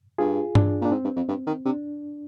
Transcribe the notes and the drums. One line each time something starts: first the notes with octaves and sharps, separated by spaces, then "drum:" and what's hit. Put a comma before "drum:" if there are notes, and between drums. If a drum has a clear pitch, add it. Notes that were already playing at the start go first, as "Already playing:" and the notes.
G2 F4 G#4
D4, drum: tom G2
A#2 D4
G#2 C4
G2
F2
G2
D#3
C3 D4